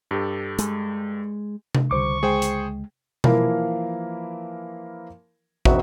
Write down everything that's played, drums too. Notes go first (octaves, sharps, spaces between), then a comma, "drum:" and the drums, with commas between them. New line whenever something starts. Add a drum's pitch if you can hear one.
G2 G4 A4
G#3, drum: hi-hat
drum: tom C3
C#2 D3 G3 C5 C#6 D6
G#3 G#4 C5 G5
drum: hi-hat
E3 F3 A#3 E4 A#4 F5, drum: tom B2
E1 B1 C4 F#4 D#5 E5, drum: kick